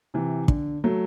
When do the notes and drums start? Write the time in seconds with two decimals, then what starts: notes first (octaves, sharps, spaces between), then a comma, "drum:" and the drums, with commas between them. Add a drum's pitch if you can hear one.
0.14 C3 E3
0.48 D3, drum: kick
0.84 F#3 A3